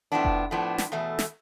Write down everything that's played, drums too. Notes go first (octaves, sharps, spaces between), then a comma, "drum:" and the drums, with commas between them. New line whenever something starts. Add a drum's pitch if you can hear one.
A2 F3 B3 D4
drum: kick F1
A2 F3 B3 D4
drum: snare
E2 B2 A3
drum: snare